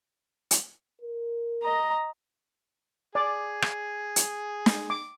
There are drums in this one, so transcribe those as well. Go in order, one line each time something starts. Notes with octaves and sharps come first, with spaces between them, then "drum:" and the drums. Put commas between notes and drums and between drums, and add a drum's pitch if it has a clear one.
drum: hi-hat
A#4
D#5 A#5
G#4 D5
drum: rim click
drum: hi-hat
drum: snare
D6